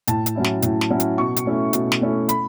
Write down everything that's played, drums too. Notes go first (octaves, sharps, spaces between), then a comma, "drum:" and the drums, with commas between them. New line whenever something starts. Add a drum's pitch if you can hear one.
A2 A5, drum: hi-hat
drum: hi-hat
F#3 C#4 E4
drum: snare
A2, drum: hi-hat
drum: snare
F#3 C#4 E4
drum: hi-hat
B2 C#6
drum: hi-hat
A3 C#4 E4
B2, drum: hi-hat
drum: snare
A3 C#4 E4
B5, drum: hi-hat